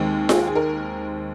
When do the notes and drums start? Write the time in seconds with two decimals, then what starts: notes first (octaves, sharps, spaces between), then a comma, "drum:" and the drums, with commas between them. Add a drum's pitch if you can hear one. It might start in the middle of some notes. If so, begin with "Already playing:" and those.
Already playing: D#2 D#3 G#3 C4
0.29 G#4, drum: snare F4
0.47 G#4
0.55 A#4